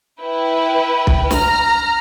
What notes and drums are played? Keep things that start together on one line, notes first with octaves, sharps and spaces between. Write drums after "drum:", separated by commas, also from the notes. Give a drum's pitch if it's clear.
E4 B4 G5
drum: kick B1
A#5 F6, drum: snare